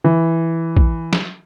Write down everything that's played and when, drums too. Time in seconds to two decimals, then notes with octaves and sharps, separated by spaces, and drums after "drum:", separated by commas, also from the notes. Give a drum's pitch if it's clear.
0.04 E3
0.77 drum: kick
1.13 drum: snare